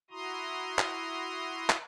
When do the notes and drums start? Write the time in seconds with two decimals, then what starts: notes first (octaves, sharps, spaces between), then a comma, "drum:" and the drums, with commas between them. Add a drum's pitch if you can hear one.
0.10 E4 F#4 A#5 C6 D#6
0.79 drum: clap
1.70 drum: clap